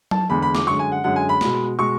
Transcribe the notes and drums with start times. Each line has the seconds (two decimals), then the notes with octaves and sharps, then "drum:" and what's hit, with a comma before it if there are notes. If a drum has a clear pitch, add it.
0.11 A5, drum: tom F#3
0.30 E2 D3 G#3 B5
0.42 B5
0.55 D6, drum: snare
0.67 F#2 D3 G#3 C#6
0.79 G#5
0.92 F#5
1.04 F#2 D3 G#3 F#5
1.16 G#5
1.29 B5
1.41 B2 G#3, drum: snare
1.79 B2 G#3 C#6